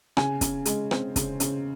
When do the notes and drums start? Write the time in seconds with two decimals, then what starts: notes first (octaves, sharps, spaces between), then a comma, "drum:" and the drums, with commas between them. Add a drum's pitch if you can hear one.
0.17 C#3 G#5, drum: rim click
0.41 C#3, drum: kick, hi-hat
0.65 G#3, drum: hi-hat
0.91 C4, drum: rim click
1.16 C#3, drum: kick, hi-hat
1.40 C#3, drum: hi-hat